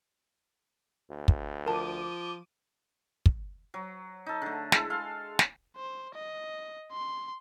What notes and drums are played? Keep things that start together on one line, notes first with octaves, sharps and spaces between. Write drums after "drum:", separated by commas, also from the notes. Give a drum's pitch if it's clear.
D2
drum: kick
F3 A#4 A5 D6 D#7
drum: kick
F#3
D#4 A4
D3 A3
G#3 E4 A4, drum: snare
F5 C6
drum: snare
C5
D#5
C6